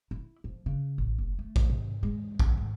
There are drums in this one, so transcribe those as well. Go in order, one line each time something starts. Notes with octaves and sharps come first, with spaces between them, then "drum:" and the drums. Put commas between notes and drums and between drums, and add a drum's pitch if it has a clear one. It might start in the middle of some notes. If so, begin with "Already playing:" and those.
E4
F3
C#3
A1
F#1
A3
drum: kick A1
C3
G#3
C2, drum: kick A1
G#2